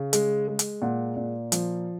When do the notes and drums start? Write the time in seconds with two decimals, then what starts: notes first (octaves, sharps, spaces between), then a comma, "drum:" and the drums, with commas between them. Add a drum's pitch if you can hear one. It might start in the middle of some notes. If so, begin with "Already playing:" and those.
Already playing: C#3
0.13 G#3, drum: hi-hat
0.48 G#3
0.59 drum: hi-hat
0.82 A#2 F#5
1.17 A#2
1.52 F3, drum: hi-hat